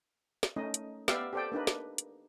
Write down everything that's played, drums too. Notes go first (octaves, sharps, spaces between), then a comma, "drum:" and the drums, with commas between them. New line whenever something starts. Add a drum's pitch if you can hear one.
drum: snare
A3 C#4 D#4 D#5
drum: hi-hat
B3 G4 D5 E5 F5 G5, drum: snare
G4 A4 C5 D5 G5
A#3 D4 D#4 B4
drum: snare
drum: hi-hat